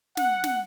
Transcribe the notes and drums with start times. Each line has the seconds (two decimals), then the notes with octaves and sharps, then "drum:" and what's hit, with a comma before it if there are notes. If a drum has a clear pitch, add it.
0.17 F#5, drum: snare
0.44 drum: snare